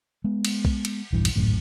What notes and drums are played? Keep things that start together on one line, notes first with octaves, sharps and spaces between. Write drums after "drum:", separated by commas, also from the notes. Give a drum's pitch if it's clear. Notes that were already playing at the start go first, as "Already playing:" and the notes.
G#3 B3
drum: cymbal
drum: kick
drum: cymbal
A#1 E2 G2 E3
drum: cymbal
D1 G#1 F#2 A2